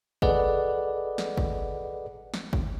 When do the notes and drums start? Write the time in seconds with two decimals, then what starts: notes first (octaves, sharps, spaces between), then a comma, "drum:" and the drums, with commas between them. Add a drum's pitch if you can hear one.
0.22 G#4 A4 B4 D5 D#5 F#5, drum: kick G1
1.18 drum: snare
1.37 drum: kick G1
2.34 drum: snare
2.53 drum: kick G1